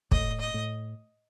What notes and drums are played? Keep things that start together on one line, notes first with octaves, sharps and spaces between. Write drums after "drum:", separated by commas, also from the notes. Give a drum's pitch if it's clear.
A2 D#5, drum: kick
D#5
A2